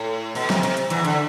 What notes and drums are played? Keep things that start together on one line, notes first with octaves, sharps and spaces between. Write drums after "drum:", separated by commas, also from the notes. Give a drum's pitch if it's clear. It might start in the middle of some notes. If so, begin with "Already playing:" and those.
Already playing: A2
B2, drum: open hi-hat
C3, drum: snare
C3, drum: hi-hat
drum: hi-hat
E2 E3, drum: hi-hat
D3, drum: hi-hat